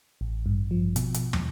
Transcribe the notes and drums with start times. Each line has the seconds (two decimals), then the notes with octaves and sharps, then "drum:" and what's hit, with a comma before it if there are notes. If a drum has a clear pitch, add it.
0.21 A1
0.46 G2
0.71 F3
0.96 B2, drum: hi-hat
1.14 drum: hi-hat
1.33 drum: tom